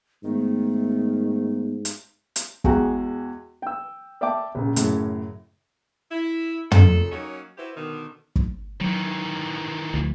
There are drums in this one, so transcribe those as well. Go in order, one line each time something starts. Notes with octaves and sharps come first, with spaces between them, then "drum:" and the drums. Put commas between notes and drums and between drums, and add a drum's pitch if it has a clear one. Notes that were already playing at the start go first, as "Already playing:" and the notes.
G#2 D#3 A3 B3
drum: hi-hat
drum: hi-hat
E2 G#3 F#4 G5 A#5, drum: kick
G5 E6
D5 E5 G5 A5 D6
A#1 C#3
F#2 A2 C#3, drum: hi-hat
E4
A#2 C#3 A4, drum: tom
F#3 A#3 C#4 D#4
E4 F#4 G4 B4 C5
B2 D3 D#3
drum: kick
D#3 E3 F#3
D2